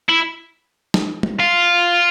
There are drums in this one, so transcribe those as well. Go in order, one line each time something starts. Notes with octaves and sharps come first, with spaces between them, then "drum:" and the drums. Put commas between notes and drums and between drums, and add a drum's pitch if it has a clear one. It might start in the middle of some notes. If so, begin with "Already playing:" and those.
E4
drum: snare
drum: tom
F4